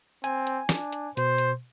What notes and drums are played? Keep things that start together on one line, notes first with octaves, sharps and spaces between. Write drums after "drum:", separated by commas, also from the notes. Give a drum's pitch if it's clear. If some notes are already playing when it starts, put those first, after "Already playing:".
C4 G#5, drum: hi-hat
drum: hi-hat
D4, drum: snare
drum: hi-hat
B2 C5, drum: hi-hat
drum: hi-hat